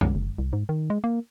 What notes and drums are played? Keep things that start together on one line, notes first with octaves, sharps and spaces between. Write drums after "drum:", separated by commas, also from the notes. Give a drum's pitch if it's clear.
C2, drum: tom
F#1
C2
G#2
D#3
G#3
A#3